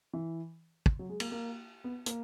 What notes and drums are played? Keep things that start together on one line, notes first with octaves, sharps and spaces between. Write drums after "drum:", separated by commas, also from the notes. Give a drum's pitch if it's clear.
E3
drum: kick
F#3
G#3
A#3, drum: cymbal
A#3
B3
A#3, drum: hi-hat